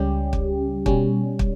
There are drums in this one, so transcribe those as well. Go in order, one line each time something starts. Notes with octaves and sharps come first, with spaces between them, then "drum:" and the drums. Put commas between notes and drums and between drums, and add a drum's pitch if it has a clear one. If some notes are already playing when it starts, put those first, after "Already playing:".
Already playing: C#2 C#3 G3 C#4 G4
drum: kick
B2 G3 C#4, drum: kick
drum: kick